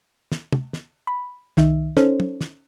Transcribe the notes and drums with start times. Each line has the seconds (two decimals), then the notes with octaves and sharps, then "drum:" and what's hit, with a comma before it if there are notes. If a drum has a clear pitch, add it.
0.32 drum: snare
0.52 drum: tom
0.73 drum: snare
1.07 B5
1.57 C2 D#3 D#4 E5, drum: snare
1.97 C#4 D#4 A4 C5 C#5, drum: snare
2.20 drum: tom
2.41 drum: snare